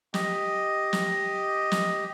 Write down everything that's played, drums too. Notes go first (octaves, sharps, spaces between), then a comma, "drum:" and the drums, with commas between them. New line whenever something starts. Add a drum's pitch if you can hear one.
G4 D#5, drum: snare
drum: snare
drum: snare